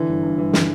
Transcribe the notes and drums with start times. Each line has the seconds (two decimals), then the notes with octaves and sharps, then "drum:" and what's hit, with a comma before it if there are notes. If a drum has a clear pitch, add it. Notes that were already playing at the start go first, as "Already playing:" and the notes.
Already playing: D3 E3
0.09 G1
0.23 G2
0.38 G1 E3
0.53 D3, drum: snare